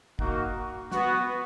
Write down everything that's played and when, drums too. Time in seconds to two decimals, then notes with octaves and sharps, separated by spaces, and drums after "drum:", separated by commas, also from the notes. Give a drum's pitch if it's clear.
0.19 A#3 D#4 F#4, drum: kick
0.92 B3 F#4, drum: snare